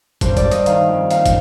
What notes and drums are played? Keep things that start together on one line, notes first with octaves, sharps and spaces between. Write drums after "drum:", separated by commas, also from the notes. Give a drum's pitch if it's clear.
G2 C5, drum: kick, hi-hat
D5, drum: kick, hi-hat
G2
D#5, drum: hi-hat
D#3 F5, drum: hi-hat
F2
D#2 F5, drum: hi-hat
drum: kick, hi-hat